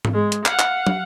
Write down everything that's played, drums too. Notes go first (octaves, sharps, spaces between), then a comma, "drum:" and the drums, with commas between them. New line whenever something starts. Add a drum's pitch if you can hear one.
drum: tom G#2
G#3
drum: hi-hat
F5 F#5, drum: clap
drum: clap
drum: tom